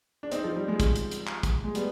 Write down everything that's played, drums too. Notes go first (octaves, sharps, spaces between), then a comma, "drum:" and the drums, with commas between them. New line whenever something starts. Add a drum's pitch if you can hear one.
D4
C4 D#4, drum: hi-hat
F3
G3
F3 G#3
drum: kick, hi-hat
drum: hi-hat
drum: hi-hat
drum: clap
drum: kick, hi-hat
G#3
G3 B3, drum: hi-hat